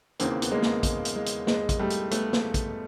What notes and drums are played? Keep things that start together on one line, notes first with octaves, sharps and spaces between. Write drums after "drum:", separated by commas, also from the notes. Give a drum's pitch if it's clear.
E1 D#2 C#3 E3 A#3 C4, drum: hi-hat
B3, drum: hi-hat
G#3 A#3
drum: snare
G#3, drum: kick, hi-hat
drum: hi-hat
G#3
drum: hi-hat
G#3, drum: snare
drum: kick, hi-hat
G3 A3
drum: hi-hat
A3 B3, drum: hi-hat
drum: snare
drum: kick, hi-hat